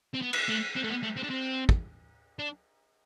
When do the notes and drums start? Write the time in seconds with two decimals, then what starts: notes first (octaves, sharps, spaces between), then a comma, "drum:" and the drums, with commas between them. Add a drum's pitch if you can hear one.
0.14 C4
0.21 B3
0.33 drum: cymbal
0.49 A3
0.76 C4
0.83 A3
0.90 B3
1.03 A3
1.16 C4
1.23 D4
1.30 C4
1.69 drum: kick
2.39 D4